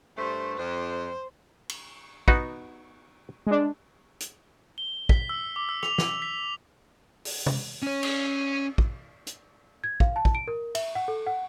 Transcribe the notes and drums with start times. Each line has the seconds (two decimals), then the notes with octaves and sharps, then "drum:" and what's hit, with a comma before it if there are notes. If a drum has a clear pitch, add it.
0.18 G2 A3 C5
0.58 F2 C5
1.69 drum: cymbal
2.28 B3 D#4 F#4, drum: kick
3.47 G#3 D4
4.20 drum: hi-hat
4.78 G7
5.09 B6, drum: kick
5.29 E6
5.56 D6
5.69 E6
5.83 F7, drum: rim click
5.98 B6, drum: snare
6.22 B6
7.25 drum: open hi-hat
7.46 drum: tom C3
7.82 C#4 C#5
8.03 drum: cymbal
8.78 drum: kick
9.27 drum: hi-hat
9.84 G#6
10.00 F5, drum: kick
10.16 A5
10.25 drum: kick
10.35 D7
10.48 A#4
10.75 E5, drum: cymbal
10.95 F#5
11.08 A4
11.27 F#5